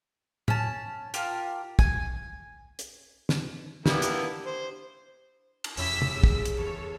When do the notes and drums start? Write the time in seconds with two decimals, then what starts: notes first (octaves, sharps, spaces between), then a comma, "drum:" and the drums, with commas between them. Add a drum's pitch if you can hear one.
0.48 C#4 A5, drum: tom
1.14 F4 G4 A#4 A5, drum: hi-hat
1.79 G#5, drum: kick
2.79 drum: hi-hat
3.29 drum: snare
3.86 A#3 B3 D4 E4 G4, drum: snare
4.02 drum: hi-hat
4.46 C5
5.64 drum: cymbal
5.77 E1 F2 F3 C#4 E4 G4 E6 B6, drum: open hi-hat
6.02 drum: tom
6.14 C#3
6.24 drum: kick
6.45 drum: hi-hat
6.57 E2 A4 C#5